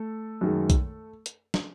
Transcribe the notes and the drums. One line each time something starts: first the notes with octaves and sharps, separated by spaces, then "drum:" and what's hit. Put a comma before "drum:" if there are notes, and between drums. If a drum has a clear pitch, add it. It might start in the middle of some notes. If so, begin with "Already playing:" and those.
Already playing: A3 A4
F#2 D#3 G#3
drum: kick B1, hi-hat
drum: hi-hat
drum: snare